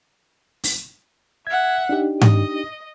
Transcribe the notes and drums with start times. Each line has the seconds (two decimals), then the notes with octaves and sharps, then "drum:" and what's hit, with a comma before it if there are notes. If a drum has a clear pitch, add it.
0.64 drum: open hi-hat
1.47 E5 F#5 G#6
1.89 D4 D#4 G4
2.21 D#5, drum: tom G#2